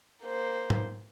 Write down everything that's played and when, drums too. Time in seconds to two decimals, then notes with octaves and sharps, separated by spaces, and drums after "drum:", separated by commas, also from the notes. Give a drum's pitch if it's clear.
0.24 A#3 C5
0.70 drum: tom G#2